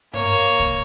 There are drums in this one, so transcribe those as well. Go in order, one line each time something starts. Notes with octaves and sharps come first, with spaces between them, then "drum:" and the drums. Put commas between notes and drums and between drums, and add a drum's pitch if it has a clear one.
A#3 C#5, drum: tom G2
drum: kick C2